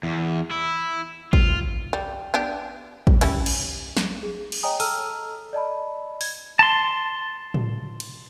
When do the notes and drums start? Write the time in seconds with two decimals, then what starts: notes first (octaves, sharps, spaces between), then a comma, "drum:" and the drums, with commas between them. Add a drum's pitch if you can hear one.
0.03 E2
0.51 E4
1.33 F4, drum: kick A1
1.93 G3
2.34 B3 D4 G4
3.07 drum: kick A1
3.21 G3 C#4 E4, drum: cymbal
3.46 drum: cymbal
3.97 drum: snare
4.23 G#4
4.52 drum: cymbal
4.63 C#5 D#5 G5 G#5 A#5 D#6
4.80 A4 A5 A#5 E6 F6 D#7, drum: open hi-hat
5.53 D5 D#5 A5 B5
6.21 G#6, drum: open hi-hat
6.59 A5 C6
7.54 drum: tom A2
8.00 drum: cymbal